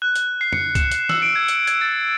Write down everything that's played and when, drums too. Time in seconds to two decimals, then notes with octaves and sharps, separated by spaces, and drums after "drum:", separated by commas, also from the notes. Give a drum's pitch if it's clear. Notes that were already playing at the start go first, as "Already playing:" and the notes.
0.02 F#6
0.16 drum: hi-hat
0.41 C7
0.53 C#7, drum: tom
0.75 E7, drum: kick C#2, hi-hat
0.91 drum: hi-hat
1.09 E6, drum: snare
1.22 D7
1.36 G#6
1.48 drum: hi-hat
1.67 G#6, drum: hi-hat
1.81 A6